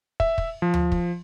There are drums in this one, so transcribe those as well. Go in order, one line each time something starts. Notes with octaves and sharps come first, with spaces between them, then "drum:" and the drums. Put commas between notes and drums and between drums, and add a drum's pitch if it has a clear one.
E5, drum: kick
drum: kick
F3
drum: tom D2
drum: kick